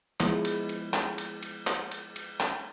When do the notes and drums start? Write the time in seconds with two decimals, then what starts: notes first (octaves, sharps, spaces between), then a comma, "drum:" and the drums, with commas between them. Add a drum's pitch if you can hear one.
0.20 F3 G#3 B3 E4, drum: clap
0.45 drum: cymbal
0.69 drum: cymbal
0.94 drum: clap
1.18 drum: cymbal
1.43 drum: cymbal
1.67 drum: clap
1.91 drum: cymbal
2.16 drum: cymbal
2.40 drum: clap